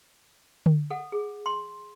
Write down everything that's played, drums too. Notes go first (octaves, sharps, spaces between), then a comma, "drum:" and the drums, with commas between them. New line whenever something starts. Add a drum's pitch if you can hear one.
drum: tom D3
A4 F#5
G#4
C6